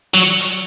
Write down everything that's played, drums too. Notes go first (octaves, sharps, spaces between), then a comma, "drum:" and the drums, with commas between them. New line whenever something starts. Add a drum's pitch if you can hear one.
F#3
drum: hi-hat